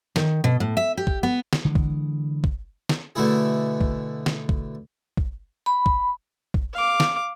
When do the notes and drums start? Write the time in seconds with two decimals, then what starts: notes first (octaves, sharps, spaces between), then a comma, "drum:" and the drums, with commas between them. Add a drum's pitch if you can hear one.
0.16 D#3, drum: snare
0.44 B2
0.60 A2
0.77 E5
0.97 G4
1.07 drum: kick
1.23 B3
1.53 drum: snare
1.65 D3 E3 G#3
1.75 drum: kick
2.44 drum: kick
2.89 drum: snare
3.15 B2 D3 A3 E4 G#4
3.81 drum: kick
4.26 drum: snare
4.49 drum: kick
5.17 drum: kick
5.66 B5
5.86 drum: kick
6.54 drum: kick
6.73 F5 D6
7.00 drum: snare